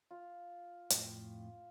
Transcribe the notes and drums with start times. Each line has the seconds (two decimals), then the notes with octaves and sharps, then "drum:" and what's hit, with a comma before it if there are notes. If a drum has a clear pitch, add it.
0.11 F4
0.90 F2 A2 G5, drum: hi-hat